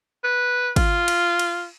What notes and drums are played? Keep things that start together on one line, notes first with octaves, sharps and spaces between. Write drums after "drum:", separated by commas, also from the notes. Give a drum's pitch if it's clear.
B4
F4, drum: kick G#1, cymbal
drum: cymbal
drum: cymbal